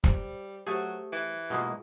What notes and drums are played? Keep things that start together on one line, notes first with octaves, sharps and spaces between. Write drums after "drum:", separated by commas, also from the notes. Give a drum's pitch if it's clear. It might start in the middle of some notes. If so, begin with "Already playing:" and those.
G3 C5, drum: kick
F#3 A3 G4 G#4 C5
E3
B2 G#3 A#3 F4 A4